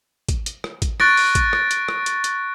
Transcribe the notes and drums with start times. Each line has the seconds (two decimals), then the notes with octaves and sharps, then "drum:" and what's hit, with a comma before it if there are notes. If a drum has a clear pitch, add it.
0.29 drum: kick, hi-hat
0.46 drum: hi-hat
0.64 drum: rim click
0.82 drum: kick, hi-hat
1.00 C#6 F#6 A6 A#6 D7, drum: rim click
1.17 drum: open hi-hat
1.35 drum: kick, hi-hat
1.53 drum: rim click
1.71 drum: hi-hat
1.88 drum: rim click
2.06 drum: hi-hat
2.24 drum: hi-hat